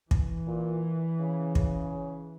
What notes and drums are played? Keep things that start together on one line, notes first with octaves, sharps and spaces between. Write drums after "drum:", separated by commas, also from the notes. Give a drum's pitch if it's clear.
E3, drum: kick
A#2
C#3
C#3, drum: kick